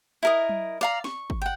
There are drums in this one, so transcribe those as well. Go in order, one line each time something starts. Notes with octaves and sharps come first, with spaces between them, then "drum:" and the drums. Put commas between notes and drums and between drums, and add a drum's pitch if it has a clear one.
E4 A#4 D#5
drum: tom F#3
D5 F5 A#5
C#6, drum: snare
drum: kick
F#5 G5